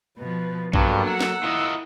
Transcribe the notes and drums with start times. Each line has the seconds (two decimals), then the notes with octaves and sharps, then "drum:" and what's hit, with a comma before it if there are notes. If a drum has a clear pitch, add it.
0.18 B2 F3 B4
0.73 G2 F#3 A#3 B3 D4 A4, drum: kick A#1
1.07 F#5 E6
1.21 drum: snare
1.44 E4 F4 A#4 D#5